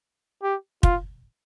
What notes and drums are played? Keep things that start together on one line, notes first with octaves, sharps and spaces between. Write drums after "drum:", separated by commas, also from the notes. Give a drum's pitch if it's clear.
G4
F4, drum: kick